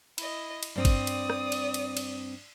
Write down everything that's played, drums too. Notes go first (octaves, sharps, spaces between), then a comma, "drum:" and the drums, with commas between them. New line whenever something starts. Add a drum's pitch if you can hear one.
E4 D#5, drum: cymbal
drum: cymbal
G2 C4 D5 D#6
drum: kick, cymbal
drum: cymbal
drum: rim click
drum: cymbal
drum: cymbal
drum: cymbal